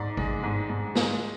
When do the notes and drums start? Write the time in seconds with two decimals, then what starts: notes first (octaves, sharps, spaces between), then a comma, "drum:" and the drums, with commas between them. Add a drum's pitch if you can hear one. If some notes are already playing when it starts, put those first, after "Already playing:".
Already playing: G#2 D5
0.17 G#3, drum: kick G#1
0.43 G#2
0.70 G#2
0.95 G#3, drum: snare